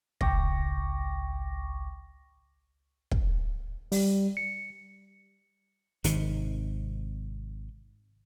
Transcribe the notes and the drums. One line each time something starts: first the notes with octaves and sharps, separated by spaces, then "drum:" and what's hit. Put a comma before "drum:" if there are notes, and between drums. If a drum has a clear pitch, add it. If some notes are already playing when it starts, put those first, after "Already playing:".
G#1 C#2 G5 C#6 D6 A#6, drum: kick
drum: kick
G3, drum: open hi-hat
C#7
G#1 C3 D#3, drum: hi-hat